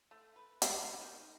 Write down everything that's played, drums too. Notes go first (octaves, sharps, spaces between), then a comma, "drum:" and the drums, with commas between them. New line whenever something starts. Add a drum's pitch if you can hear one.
A3
B4
B4, drum: hi-hat
D#3